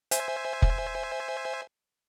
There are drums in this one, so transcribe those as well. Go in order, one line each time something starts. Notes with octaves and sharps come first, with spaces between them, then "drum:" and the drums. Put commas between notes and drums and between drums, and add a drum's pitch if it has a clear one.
C5 E5 G#5, drum: hi-hat
drum: kick F1